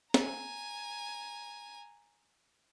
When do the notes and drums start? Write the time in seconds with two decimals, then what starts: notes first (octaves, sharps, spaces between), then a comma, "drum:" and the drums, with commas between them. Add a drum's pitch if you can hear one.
0.14 G#5 A#5, drum: snare